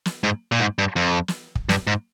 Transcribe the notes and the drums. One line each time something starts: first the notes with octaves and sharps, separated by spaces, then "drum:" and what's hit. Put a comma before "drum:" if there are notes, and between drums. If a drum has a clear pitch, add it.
drum: snare
G#2
A#2
G#2
G2
F2
drum: snare
drum: kick
G2, drum: snare
G#2